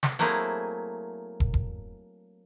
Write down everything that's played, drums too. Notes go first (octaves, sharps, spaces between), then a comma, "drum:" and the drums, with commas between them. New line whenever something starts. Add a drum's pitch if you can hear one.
drum: snare
F#3 A3 A#3 C4 E4 G#4, drum: hi-hat
drum: kick
drum: kick